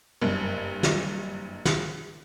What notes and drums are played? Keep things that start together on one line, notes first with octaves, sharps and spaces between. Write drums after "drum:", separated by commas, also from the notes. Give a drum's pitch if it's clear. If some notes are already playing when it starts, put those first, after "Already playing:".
F#1 G2
drum: snare
drum: snare